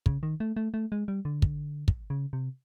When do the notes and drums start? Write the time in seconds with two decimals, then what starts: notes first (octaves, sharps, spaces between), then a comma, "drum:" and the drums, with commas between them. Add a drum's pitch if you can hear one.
0.06 C#3, drum: kick
0.23 D#3
0.40 A3
0.57 A3
0.74 A3
0.92 G#3
1.08 G3
1.25 D3
1.42 drum: kick
1.88 drum: kick
2.10 C#3
2.33 C3